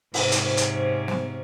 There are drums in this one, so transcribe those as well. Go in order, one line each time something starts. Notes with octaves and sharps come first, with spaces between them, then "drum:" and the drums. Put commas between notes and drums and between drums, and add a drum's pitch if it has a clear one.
G#2 C3 C#4, drum: open hi-hat
drum: hi-hat
drum: hi-hat
drum: snare